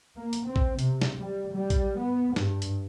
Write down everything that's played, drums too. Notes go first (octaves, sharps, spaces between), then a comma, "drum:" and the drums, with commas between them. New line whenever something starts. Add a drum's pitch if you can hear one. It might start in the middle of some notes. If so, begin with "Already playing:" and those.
A#3
drum: hi-hat
C4
drum: kick
C3, drum: hi-hat
drum: snare
G3
G3
drum: kick, hi-hat
B3
G2, drum: snare
drum: hi-hat